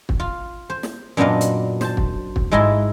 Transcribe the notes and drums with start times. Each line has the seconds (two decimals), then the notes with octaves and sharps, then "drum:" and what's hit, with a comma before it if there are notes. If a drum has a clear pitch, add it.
0.09 drum: kick
0.20 F4
0.70 C5
0.83 drum: snare
1.17 F#2 A#2 B3 D4 D#5 F5
1.41 drum: hi-hat
1.81 C5 A5, drum: snare
1.97 drum: kick
2.36 drum: kick
2.51 G#2 G#3 E4 D#5 A5 C6